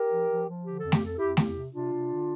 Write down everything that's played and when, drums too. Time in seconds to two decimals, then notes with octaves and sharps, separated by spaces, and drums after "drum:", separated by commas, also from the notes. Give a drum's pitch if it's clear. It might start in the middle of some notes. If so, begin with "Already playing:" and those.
Already playing: G4 A#4
0.10 F3
0.29 F3
0.47 F3
0.64 D3 G4
0.78 A4
0.84 F2
0.92 G4, drum: snare A3
1.01 F2 A4
1.18 F2 E4 G4
1.37 E2 E4 G4, drum: snare A3
1.56 C3
1.73 C3 D4 F4
1.92 C3
2.10 D3